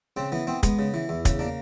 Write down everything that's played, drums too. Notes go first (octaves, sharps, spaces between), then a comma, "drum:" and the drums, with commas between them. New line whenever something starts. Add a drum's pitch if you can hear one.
C#3 C4
E3 B3
B3 C4
G#3 B3, drum: kick, hi-hat
C#3
E3
E2
C#3, drum: kick, hi-hat
A#3 D4